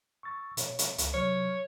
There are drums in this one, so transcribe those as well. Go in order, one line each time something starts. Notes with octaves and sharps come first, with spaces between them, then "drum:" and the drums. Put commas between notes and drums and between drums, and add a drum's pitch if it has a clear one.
C#6 E6 A6
B2 C#5, drum: hi-hat
drum: hi-hat
C#2, drum: hi-hat
C3 F#3 C#5 F6